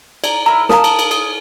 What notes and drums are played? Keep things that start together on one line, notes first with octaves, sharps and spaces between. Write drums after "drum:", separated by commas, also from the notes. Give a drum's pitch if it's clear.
D5 A#5, drum: cymbal
E4 A#4 A#5
A#4 F5 A5 A#5 D#6 F6, drum: snare
drum: cymbal
drum: cymbal
G#4, drum: cymbal